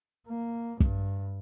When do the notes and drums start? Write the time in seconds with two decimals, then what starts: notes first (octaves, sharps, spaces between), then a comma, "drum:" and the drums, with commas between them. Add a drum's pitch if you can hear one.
0.28 A#3
0.80 G2, drum: kick